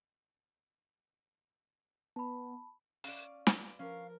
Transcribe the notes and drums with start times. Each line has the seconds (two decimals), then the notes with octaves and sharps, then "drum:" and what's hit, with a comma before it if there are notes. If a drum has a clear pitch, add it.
2.16 B3 A5 B5
3.04 C#4 D5 F5, drum: open hi-hat
3.47 C4 B4 D6, drum: snare
3.79 F3 C#4 A#4 F5